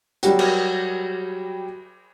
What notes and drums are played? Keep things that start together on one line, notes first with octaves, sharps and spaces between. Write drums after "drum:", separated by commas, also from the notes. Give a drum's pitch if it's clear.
F#3 G3 F#4, drum: hi-hat
drum: cymbal